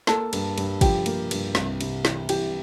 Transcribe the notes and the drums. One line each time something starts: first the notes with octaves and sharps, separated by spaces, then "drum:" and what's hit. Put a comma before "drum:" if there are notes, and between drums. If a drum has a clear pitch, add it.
A#3 A4 A5, drum: snare
G2, drum: cymbal
G2, drum: cymbal
F3 G4 G5, drum: kick, cymbal
A#3, drum: cymbal
G2, drum: cymbal
C2, drum: snare
C3, drum: cymbal
E3, drum: snare
E3 G4 G5, drum: cymbal